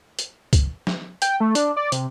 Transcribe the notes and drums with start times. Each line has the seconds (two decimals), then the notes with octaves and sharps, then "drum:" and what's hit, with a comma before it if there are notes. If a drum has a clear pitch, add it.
0.19 drum: hi-hat
0.53 drum: kick, hi-hat
0.87 drum: snare
1.22 G5, drum: hi-hat
1.40 A3
1.55 D4, drum: hi-hat
1.77 D5
1.92 C3, drum: hi-hat